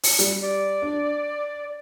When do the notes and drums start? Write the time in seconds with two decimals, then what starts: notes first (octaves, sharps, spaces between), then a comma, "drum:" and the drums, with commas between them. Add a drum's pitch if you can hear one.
0.03 drum: open hi-hat
0.19 G3, drum: hi-hat
0.42 D5
0.82 D4